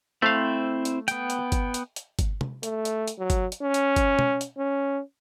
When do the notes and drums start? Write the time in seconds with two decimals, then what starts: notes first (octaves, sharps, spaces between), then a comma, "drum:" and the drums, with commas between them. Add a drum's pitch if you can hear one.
0.22 A3 C4 E4 C5 F5
0.85 drum: hi-hat
1.08 B3 G5, drum: hi-hat
1.30 drum: hi-hat
1.52 drum: kick G1, hi-hat
1.74 drum: hi-hat
1.96 drum: hi-hat
2.19 drum: kick G1, hi-hat
2.41 drum: tom
2.63 A3, drum: hi-hat
2.85 drum: hi-hat
3.08 drum: hi-hat
3.19 F#3
3.30 drum: kick G1, hi-hat
3.52 drum: hi-hat
3.62 C#4
3.74 drum: hi-hat
3.96 drum: kick G1, hi-hat
4.19 drum: tom
4.41 drum: hi-hat
4.58 C#4